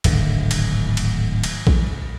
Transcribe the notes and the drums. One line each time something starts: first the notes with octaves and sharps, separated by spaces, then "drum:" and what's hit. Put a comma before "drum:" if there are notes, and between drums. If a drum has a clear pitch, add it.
D1 G#1 D3, drum: cymbal
drum: cymbal
drum: cymbal
drum: cymbal
drum: kick A#1